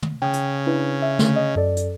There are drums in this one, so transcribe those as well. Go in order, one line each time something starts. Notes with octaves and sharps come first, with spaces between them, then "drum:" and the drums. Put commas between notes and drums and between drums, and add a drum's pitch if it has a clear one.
drum: tom
C#3 G5 D#6
drum: hi-hat
D4 E4 B4
E5
D3 A3, drum: snare
D#5
F#2 A4 D5
drum: hi-hat